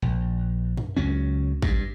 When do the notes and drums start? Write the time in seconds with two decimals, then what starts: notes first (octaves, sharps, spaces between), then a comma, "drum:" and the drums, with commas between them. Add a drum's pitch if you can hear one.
0.02 A#1
0.77 drum: tom F#2
0.97 C#2 F#3 C#4
1.62 G2, drum: kick